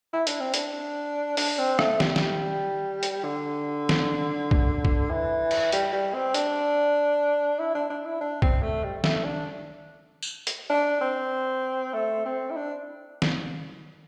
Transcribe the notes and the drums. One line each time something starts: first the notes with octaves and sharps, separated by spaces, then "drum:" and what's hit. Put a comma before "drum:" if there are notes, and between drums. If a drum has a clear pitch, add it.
E4
D4, drum: hi-hat
C4
D4, drum: hi-hat
D4, drum: open hi-hat
C4
A3, drum: rim click
G3, drum: snare
drum: snare
drum: hi-hat
D3
drum: snare
drum: kick
drum: kick
E3
drum: cymbal
G3, drum: hi-hat
G3
C4
D4, drum: hi-hat
E4
D4
D4
E4
D4
C4, drum: kick
A3
G3
A3, drum: snare
D4
drum: tambourine
drum: hi-hat
D4
C4
A3
C4
E4
D4
drum: snare